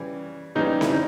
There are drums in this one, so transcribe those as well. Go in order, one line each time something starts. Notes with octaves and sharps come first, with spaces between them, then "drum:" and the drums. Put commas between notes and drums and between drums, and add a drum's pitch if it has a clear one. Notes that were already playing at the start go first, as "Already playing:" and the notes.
Already playing: C#3 E3 G3
C#3 E3 G3 D#4
E4, drum: snare C4
D#4